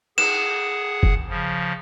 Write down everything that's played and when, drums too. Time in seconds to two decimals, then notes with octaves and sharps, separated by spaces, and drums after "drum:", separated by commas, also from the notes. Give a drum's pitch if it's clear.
0.18 G#4 F#5 E7, drum: cymbal
1.03 drum: kick
1.29 C#3 F3